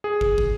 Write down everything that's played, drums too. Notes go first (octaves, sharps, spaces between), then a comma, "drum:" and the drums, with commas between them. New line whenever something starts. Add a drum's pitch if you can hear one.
G#4
drum: kick
drum: kick